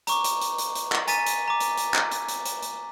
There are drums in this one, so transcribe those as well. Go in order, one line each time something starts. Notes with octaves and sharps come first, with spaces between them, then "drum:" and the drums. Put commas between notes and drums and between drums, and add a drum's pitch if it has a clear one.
A#5 C#6 D6, drum: hi-hat
drum: hi-hat
drum: hi-hat
drum: hi-hat
drum: hi-hat
drum: clap
G#5 A#5 A6 B6 D#7, drum: hi-hat
drum: hi-hat
A#5 D6
drum: hi-hat
drum: hi-hat
drum: clap
drum: hi-hat
drum: hi-hat
drum: hi-hat
drum: hi-hat